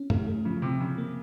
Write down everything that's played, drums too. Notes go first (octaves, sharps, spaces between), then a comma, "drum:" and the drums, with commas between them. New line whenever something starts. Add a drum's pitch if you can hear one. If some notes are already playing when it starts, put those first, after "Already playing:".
Already playing: C#4
C#3 A3, drum: tom
A3
C#3 F3
C3 F3
C#3 F3
A#3